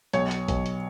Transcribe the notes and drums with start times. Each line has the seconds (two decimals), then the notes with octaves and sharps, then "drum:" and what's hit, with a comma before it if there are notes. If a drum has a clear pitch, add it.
0.13 B1 C#5, drum: hi-hat
0.31 drum: hi-hat
0.48 B1, drum: kick A#1, hi-hat
0.66 drum: hi-hat